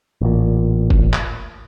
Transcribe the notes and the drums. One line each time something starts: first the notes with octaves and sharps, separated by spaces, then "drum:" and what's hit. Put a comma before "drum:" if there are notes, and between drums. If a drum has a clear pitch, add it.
A1 A#2
drum: kick
drum: clap